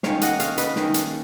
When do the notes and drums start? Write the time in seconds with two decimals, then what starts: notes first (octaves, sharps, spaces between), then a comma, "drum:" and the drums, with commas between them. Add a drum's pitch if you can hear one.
0.03 D#3 A#3 C#4 C#5 F5, drum: snare
0.21 D#5 F#5, drum: hi-hat
0.40 C#5 F5, drum: hi-hat
0.58 B4 D#5, drum: hi-hat
0.76 D#3 A#3 C#4, drum: snare
0.94 drum: hi-hat